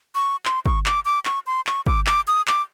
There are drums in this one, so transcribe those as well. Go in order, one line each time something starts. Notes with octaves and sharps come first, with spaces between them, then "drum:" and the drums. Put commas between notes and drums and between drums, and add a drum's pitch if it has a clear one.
C#6
C6, drum: clap
C#6, drum: kick
D6, drum: clap
D6
C#6, drum: clap
C6
C#6, drum: clap
D6, drum: kick
D6, drum: clap
D#6
D6, drum: clap